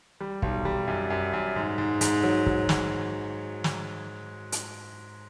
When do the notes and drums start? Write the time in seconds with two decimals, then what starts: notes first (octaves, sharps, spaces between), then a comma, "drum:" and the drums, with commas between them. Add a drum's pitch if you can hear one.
0.21 G3
0.42 B1, drum: kick
0.65 G3
0.88 F#2
1.10 F#2
1.33 F#2
1.56 G#2
1.78 G#2
2.01 G#2, drum: hi-hat
2.23 F#3
2.46 F#3, drum: kick
2.69 F#3, drum: snare
3.64 drum: snare
4.52 drum: hi-hat